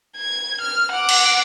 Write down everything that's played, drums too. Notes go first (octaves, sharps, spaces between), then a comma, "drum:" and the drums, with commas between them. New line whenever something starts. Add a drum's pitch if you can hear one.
G#6
F6
F#5 D6
drum: cymbal